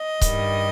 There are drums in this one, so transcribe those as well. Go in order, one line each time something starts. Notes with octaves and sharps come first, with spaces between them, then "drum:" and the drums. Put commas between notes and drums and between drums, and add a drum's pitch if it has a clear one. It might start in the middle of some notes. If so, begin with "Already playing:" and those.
Already playing: D#5
G2 D#3 G3, drum: kick C#1, hi-hat